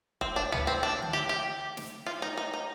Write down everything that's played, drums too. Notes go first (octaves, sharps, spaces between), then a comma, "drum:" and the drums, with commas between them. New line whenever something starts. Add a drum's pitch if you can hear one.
C4, drum: kick E1
D4
B3, drum: tom C#2
C4
D4
drum: tom D3
G4
G4
drum: snare
F4
D#4
D#4
D#4